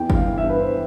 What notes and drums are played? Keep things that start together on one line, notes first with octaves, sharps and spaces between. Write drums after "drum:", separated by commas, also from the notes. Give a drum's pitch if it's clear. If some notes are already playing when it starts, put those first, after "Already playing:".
Already playing: E2 E3 G5
G2 F5, drum: kick G1
E3
E5
G2
B4
E3 C5